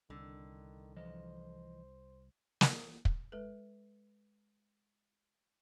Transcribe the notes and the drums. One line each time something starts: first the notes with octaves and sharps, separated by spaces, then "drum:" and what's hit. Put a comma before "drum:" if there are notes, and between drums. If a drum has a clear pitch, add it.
C2 D3 D#3
E3 F3 C5 D#5
drum: snare
drum: kick
G#3 A4 B4